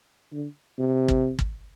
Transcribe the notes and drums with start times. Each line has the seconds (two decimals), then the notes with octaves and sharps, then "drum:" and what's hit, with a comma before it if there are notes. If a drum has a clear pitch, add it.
0.32 D3
0.79 C3
1.08 drum: kick
1.39 drum: kick